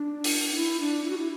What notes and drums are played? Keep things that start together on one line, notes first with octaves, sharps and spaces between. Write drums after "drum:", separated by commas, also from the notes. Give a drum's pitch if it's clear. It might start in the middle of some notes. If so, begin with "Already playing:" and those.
Already playing: D4
drum: open hi-hat
E4
D4
E4
F#4
E4